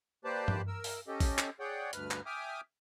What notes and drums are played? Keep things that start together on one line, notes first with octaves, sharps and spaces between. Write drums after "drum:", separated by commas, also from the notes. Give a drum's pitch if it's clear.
A#3 G4 B4 C5 D5 A5
drum: tom G2
A#4 E6
drum: open hi-hat
C#4 G4 A4 D#5
drum: kick A1, open hi-hat
drum: clap
G#4 C#5 D5 F#5 G5
D2 G2 B4 F6, drum: hi-hat
drum: clap
E5 G5 G#5 D6 D#6 F6